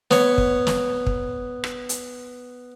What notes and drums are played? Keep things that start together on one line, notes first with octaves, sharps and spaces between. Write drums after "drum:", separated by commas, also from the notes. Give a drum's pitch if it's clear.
B3 C#5, drum: snare
drum: kick
drum: snare
drum: kick
drum: rim click
drum: hi-hat